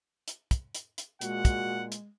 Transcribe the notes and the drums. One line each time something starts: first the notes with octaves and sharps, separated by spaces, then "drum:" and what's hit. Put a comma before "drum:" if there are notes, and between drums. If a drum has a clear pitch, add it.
drum: hi-hat
drum: kick, hi-hat
drum: hi-hat
drum: hi-hat
A#2 G#3 F#4 F#5, drum: hi-hat
drum: kick, hi-hat
drum: hi-hat